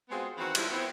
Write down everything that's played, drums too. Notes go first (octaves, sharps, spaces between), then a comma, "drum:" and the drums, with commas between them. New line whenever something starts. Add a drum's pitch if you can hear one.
G#3 B3 C4 F4 F#4 G#4
D#3 E3 C4 F#4
F3 G3 G#3 C4 E4, drum: cymbal
B3 C4 E4